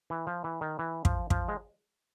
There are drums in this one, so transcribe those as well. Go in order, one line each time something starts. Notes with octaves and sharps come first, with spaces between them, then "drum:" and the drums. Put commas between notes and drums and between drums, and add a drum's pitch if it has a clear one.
E3
F3
E3
D#3
E3
F3, drum: kick
F3, drum: kick
G#3